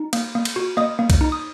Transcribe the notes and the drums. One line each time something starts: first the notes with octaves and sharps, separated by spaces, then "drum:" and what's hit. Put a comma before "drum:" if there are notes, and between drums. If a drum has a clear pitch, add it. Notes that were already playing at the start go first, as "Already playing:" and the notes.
Already playing: D#4
A#3, drum: cymbal
A#3
drum: cymbal
F#4
A#3 D#5 D#6
A#3
drum: kick C2, cymbal
D#4
D#6